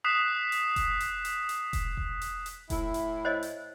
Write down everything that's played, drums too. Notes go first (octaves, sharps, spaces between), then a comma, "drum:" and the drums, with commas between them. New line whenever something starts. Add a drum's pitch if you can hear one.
D#6 F#6 B6 C7 E7
drum: hi-hat
drum: kick E1, hi-hat
drum: hi-hat
drum: hi-hat
drum: hi-hat
drum: kick E1, hi-hat
drum: kick E1
drum: hi-hat
drum: hi-hat
A2 E4, drum: kick E1, hi-hat
drum: hi-hat
C5 C#5 D#5
drum: hi-hat